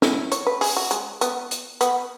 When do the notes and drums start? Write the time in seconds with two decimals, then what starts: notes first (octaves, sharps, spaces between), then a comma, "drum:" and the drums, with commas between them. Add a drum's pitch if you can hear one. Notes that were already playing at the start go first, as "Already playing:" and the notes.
0.02 E4, drum: snare
0.32 C#5, drum: hi-hat
0.47 B4
0.61 G#4, drum: open hi-hat
0.77 F#4
0.91 G#3, drum: hi-hat
1.21 B3, drum: hi-hat
1.51 drum: hi-hat
1.81 B3, drum: hi-hat